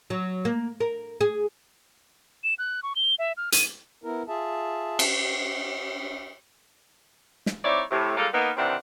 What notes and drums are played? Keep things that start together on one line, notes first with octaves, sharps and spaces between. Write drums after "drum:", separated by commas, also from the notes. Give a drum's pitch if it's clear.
F#3
A#3
A#4
G#4
E7
F#6
C#6
G7
E5
F6
D#7, drum: hi-hat
B3 E4 A#4
F4 G#4 E5 A5
drum: cymbal
drum: snare
C4 D#4 E4 C#5 D5
A2 C3
G3 G#3 A#3 F4 A4
A#3 B3 D#4
C3 D#3 E3 C4 D4 F#5